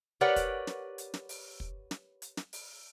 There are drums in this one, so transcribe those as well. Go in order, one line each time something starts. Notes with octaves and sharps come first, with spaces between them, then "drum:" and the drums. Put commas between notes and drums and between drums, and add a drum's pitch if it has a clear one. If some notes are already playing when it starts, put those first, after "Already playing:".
G4 A#4 B4 C#5 D5 F#5
drum: kick, hi-hat
drum: snare
drum: hi-hat
drum: snare
drum: open hi-hat
drum: kick
drum: snare
drum: hi-hat
drum: snare
drum: open hi-hat